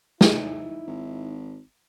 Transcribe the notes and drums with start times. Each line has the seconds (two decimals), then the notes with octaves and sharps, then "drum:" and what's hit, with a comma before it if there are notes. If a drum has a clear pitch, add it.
0.21 A2 D#4 E4, drum: snare
0.87 G#1